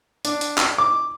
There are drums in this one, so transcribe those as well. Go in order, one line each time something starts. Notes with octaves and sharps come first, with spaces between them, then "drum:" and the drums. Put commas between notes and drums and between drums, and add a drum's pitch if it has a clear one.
D4, drum: hi-hat
drum: hi-hat
drum: clap
D6